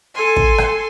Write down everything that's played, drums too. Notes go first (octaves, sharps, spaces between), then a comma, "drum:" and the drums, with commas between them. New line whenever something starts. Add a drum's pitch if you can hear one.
A4 G#5 C6
drum: kick
drum: rim click